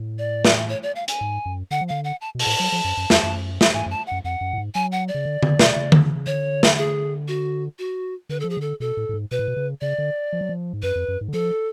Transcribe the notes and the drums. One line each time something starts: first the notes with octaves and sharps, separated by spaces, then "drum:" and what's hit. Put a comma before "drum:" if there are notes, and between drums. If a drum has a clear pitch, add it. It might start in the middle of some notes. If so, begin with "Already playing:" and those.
Already playing: A2
D5
drum: snare
C#5
D5
F5
G#5, drum: hi-hat
G#2
F#2
D3 F#5
F3
D3 F5
F#5
A5
B2
A5, drum: open hi-hat
A2
F#3
F3
F#2
F#2
F2, drum: snare
F#2
drum: snare
G#2 G#5
F#2
A5
F#2 F#5
F2 F#5
F#2
A2
G#2
F#3 G#5
F#5
D5
C#3
D3
C#3, drum: tom D3
B2, drum: snare
C#3
drum: tom D3
C#3
D3 C#5
drum: snare
G#4
F#4
F#4
D3 B4
F3 A4
G#4
D3 A4
B2 A4
A2
A2
G#2
B2 B4
A2
B2
C#3
C#3 D5
D3
F3
F#3
F3
G#2
F#2 B4
F2
F#2
G#2
D3
F3 A4